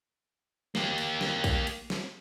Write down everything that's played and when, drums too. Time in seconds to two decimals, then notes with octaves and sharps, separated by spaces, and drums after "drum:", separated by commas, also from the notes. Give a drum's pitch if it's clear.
0.75 A#3 G4, drum: snare
0.98 drum: cymbal
1.21 drum: snare
1.44 drum: kick, cymbal
1.67 drum: cymbal
1.90 drum: snare